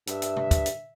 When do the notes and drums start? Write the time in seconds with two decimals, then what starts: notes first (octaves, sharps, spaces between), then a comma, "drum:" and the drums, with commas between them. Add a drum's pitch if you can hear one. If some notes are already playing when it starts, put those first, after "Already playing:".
0.07 G2 E5, drum: hi-hat
0.22 drum: hi-hat
0.36 drum: tom C3
0.51 drum: kick, hi-hat
0.66 drum: hi-hat